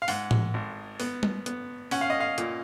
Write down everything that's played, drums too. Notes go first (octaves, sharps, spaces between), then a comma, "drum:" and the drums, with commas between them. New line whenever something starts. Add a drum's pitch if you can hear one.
F5
G#2 F#5, drum: open hi-hat
drum: tom A2
G#1
B3, drum: open hi-hat
drum: tom G3
B3, drum: hi-hat
C#4 F#5, drum: open hi-hat
F5
D#5
F5
A#2, drum: hi-hat